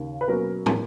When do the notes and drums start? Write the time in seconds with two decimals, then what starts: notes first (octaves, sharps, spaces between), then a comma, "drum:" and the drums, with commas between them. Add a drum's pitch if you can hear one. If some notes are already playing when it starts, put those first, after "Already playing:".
Already playing: D#2 C#3
0.21 B4
0.28 B2 F#3 A#3 C#4 A#4
0.66 D#3 A#3, drum: tom